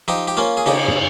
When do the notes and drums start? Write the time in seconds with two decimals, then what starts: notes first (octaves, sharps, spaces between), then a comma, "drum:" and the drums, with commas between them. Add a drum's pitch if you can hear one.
0.08 F3 D#4 G4
0.28 G4
0.37 A#3 C#4 F4
0.57 G#4
0.66 C#3 D#4 G4, drum: cymbal
0.88 drum: tom